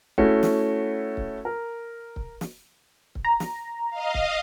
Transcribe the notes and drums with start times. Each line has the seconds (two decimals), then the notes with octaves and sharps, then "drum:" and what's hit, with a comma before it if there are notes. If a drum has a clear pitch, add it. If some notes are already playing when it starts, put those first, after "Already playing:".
0.18 A3 C#4 E4 F#4, drum: kick C#1
0.43 drum: snare
1.17 drum: kick C#1
1.45 A#4
2.16 drum: kick C#1
2.41 drum: snare
3.15 drum: kick C#1
3.25 A#5
3.40 drum: snare
3.90 D#5 F5
4.14 drum: kick C#1